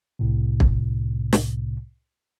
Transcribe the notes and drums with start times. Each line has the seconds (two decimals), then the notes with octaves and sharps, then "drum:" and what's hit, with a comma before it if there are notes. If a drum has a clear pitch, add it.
0.19 C2 A2 C3
0.60 drum: kick
1.33 drum: snare